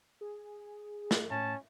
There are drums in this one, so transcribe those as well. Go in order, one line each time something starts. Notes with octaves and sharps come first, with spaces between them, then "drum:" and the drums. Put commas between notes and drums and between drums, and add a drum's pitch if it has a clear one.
G#4
drum: snare
A2 C#4 A5